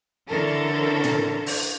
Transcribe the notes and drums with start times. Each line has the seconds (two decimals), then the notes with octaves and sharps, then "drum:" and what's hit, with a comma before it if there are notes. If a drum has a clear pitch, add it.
0.28 D3 E3 C#4 A4 A#4
1.04 drum: tom A2
1.46 drum: open hi-hat